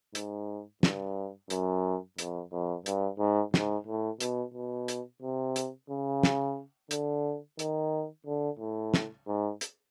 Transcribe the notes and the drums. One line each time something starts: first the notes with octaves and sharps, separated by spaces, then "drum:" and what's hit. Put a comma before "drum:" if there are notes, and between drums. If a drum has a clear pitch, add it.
G#2, drum: hi-hat
G2, drum: snare
F#2, drum: hi-hat
F2, drum: hi-hat
F2
G2, drum: hi-hat
G#2
G#2, drum: snare
A2
B2, drum: hi-hat
B2
drum: hi-hat
C3
drum: hi-hat
C#3
drum: snare
D3, drum: hi-hat
D#3, drum: hi-hat
D3
A2
drum: snare
G#2
drum: hi-hat